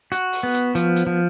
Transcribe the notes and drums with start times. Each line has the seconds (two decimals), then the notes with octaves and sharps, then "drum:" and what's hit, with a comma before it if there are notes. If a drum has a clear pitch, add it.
0.12 F#4, drum: hi-hat
0.33 drum: open hi-hat
0.43 B3
0.54 drum: hi-hat
0.75 F3, drum: hi-hat
0.96 drum: hi-hat
1.07 F3